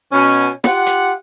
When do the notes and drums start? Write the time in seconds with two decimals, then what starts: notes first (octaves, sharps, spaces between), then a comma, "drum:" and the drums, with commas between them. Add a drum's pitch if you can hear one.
0.12 B2 C#4
0.64 F4 G4 F#5, drum: snare
0.87 drum: hi-hat